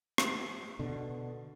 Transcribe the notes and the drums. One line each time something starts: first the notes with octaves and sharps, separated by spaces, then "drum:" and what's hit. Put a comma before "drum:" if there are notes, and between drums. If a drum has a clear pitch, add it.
drum: rim click
B2 D3